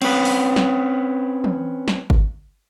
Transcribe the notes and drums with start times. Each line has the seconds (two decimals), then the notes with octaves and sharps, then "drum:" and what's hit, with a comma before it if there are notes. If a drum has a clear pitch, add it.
0.02 C4 C#4 B4, drum: cymbal
0.25 drum: open hi-hat
0.56 drum: snare
1.44 drum: tom E3
1.88 drum: snare
2.10 drum: kick G1